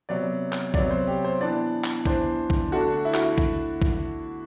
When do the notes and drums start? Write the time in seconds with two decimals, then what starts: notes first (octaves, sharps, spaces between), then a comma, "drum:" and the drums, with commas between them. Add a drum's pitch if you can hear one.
0.09 C3 F#3 B3 D5
0.53 drum: clap
0.74 C3 F#3 B3 D5, drum: kick A#1
0.91 C5
1.07 G4
1.24 C5
1.40 E3 B3 D4 D5
1.84 drum: clap
2.05 E3 B3 D4 C5, drum: kick A#1
2.50 drum: kick A#1
2.72 D3 A3 D4 F#4
3.05 E4
3.14 F#4, drum: clap
3.25 E4
3.38 drum: kick A#1
3.82 drum: kick A#1